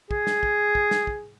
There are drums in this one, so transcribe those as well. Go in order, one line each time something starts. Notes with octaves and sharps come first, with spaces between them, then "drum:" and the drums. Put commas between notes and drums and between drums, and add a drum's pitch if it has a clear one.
G#4, drum: kick
drum: snare
drum: kick
drum: kick
drum: snare
drum: kick